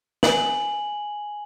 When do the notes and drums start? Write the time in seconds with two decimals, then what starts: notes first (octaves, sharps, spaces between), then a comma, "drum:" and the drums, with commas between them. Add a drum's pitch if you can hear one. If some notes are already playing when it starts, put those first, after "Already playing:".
0.23 G#5 F#7, drum: snare